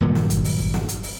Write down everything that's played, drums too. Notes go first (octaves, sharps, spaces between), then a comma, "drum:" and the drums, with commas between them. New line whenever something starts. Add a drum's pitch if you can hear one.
G2 A#2 D#3 F#3
drum: snare
drum: kick, hi-hat
drum: open hi-hat
drum: kick
drum: snare
drum: hi-hat
drum: open hi-hat